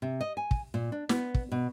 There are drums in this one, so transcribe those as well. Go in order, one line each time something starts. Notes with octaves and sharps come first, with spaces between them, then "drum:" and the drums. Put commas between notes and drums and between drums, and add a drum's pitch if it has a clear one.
C3
D#5
G#5
drum: kick
A#2
D4
B3, drum: snare
drum: kick
B2